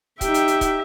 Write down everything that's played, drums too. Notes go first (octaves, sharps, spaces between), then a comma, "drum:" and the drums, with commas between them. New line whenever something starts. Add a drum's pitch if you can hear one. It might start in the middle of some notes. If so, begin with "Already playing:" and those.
D#4 G4 E5 G5, drum: kick C#1, hi-hat
drum: hi-hat
drum: hi-hat
drum: kick C#1, hi-hat